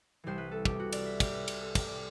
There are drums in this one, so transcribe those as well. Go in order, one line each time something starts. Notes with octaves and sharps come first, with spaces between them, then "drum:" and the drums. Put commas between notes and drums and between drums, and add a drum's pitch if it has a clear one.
C2 C3 E3 C5
B4
A4
G4, drum: kick
F#4
D5, drum: cymbal
E5
G4, drum: kick, cymbal
B4
B4, drum: cymbal
A4
G4, drum: kick, cymbal
D5